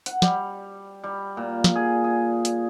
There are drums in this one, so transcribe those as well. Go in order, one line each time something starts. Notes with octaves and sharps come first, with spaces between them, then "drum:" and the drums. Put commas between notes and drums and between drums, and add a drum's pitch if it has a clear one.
F#5, drum: hi-hat
G3, drum: snare
G3
A#2
drum: snare
G#4
G#4
drum: hi-hat